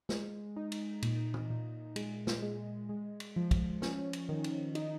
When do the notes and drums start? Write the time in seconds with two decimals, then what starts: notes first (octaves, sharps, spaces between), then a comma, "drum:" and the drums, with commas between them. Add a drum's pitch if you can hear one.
0.09 G#3, drum: snare
0.56 D#4
0.72 drum: cymbal
1.03 A#2, drum: cymbal
1.34 drum: tom
1.50 A#2
1.96 G#3, drum: cymbal
2.27 drum: snare
2.42 G#3
2.89 G#3
3.20 drum: cymbal
3.36 F3
3.51 drum: kick, cymbal
3.82 C#4, drum: snare
4.13 drum: cymbal
4.29 D#3
4.44 drum: cymbal
4.75 D#4, drum: cymbal